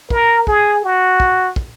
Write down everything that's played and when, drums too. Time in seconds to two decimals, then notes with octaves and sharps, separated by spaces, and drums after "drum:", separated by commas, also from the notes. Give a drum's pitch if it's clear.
0.10 A#4, drum: kick
0.47 G#4, drum: kick
0.84 F#4
1.20 drum: kick
1.56 drum: kick